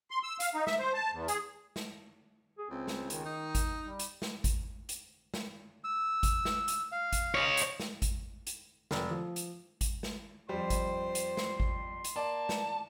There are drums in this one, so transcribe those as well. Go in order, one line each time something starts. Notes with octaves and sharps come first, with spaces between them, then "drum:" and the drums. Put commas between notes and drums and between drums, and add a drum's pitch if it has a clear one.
C6
E6
F5, drum: hi-hat
D#4
E5, drum: snare
C5
A5
E2
G#4, drum: hi-hat
drum: snare
G#4
C#2 C4
drum: snare
D#3, drum: hi-hat
D#4
drum: kick G#1, hi-hat
G3
drum: hi-hat
drum: snare
drum: kick G#1, hi-hat
drum: hi-hat
drum: snare
E6
drum: kick G#1, hi-hat
drum: snare
drum: hi-hat
F5
drum: kick G#1, hi-hat
C#5 D#5
drum: hi-hat
drum: snare
drum: kick G#1, hi-hat
drum: hi-hat
F1, drum: snare
F3
drum: hi-hat
drum: kick G#1, hi-hat
drum: snare
F2 G3 C5 C6
drum: kick G#1, hi-hat
drum: hi-hat
drum: snare
drum: kick G#1
drum: hi-hat
A#3 D5 A5
drum: snare